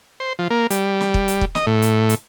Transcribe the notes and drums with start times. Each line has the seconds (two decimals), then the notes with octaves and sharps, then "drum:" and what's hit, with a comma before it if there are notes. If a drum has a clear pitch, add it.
0.20 C5
0.39 F3
0.50 A#3
0.70 G3, drum: hi-hat
1.01 drum: snare
1.14 drum: kick
1.28 drum: hi-hat
1.41 drum: kick
1.55 D#5, drum: snare
1.66 A2
1.82 drum: hi-hat
2.09 drum: hi-hat